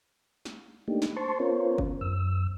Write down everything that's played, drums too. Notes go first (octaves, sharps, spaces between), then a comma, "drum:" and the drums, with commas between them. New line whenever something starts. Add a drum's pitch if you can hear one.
drum: snare
A3 A#3 D4 D#4 G4
drum: snare
C5 A5 C6 C#6
B3 C#4 F4 A#4 C5 C#5
drum: kick F#1
F#2 E6